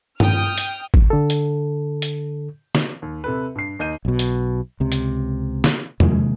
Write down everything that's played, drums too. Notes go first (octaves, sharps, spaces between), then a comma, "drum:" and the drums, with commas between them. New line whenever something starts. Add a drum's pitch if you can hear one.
G5 D#6 F6, drum: tom G2
drum: hi-hat
drum: kick G#1
D3 A4
drum: hi-hat
drum: hi-hat
drum: snare
D#2
C3 A4 B4
G2 C7
D#2 D#4 G6 D#7
B1 B2
drum: hi-hat
C#2 C3
drum: hi-hat
drum: snare
C3 D#3 G#3 A#3, drum: tom